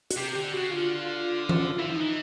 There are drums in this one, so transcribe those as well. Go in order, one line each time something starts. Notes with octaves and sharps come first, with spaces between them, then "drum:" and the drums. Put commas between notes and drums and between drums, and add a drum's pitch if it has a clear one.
F#4, drum: hi-hat
C3 G4
D3 G4
C#3 F#4
D3 F4
drum: tom E3
E3 E4
F3
E3 D#4